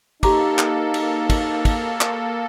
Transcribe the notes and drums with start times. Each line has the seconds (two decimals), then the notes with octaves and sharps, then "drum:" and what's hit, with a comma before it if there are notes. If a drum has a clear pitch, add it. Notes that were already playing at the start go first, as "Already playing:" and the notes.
0.23 A#3 D#4 G4 A4 A#5 D6, drum: kick, cymbal
0.58 drum: clap
0.94 drum: cymbal
1.30 drum: kick, cymbal
1.65 drum: kick, cymbal
2.01 drum: clap